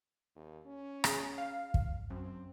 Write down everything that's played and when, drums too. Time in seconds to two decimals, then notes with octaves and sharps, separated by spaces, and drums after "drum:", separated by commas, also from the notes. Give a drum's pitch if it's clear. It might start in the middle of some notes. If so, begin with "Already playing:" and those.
0.36 D#2
0.66 C#4
1.04 G#4, drum: rim click
1.38 F5
1.74 drum: kick
2.10 F#2 C4